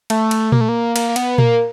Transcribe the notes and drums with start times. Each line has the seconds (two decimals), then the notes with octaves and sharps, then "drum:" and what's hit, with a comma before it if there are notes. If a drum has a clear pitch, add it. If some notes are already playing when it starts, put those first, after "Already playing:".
0.10 A3, drum: cymbal
0.31 drum: cymbal
0.52 A#3, drum: tom A#2
0.61 A3
0.69 A#3
0.96 A#3, drum: cymbal
1.09 A#3
1.16 B3, drum: cymbal
1.38 A#3, drum: tom A#2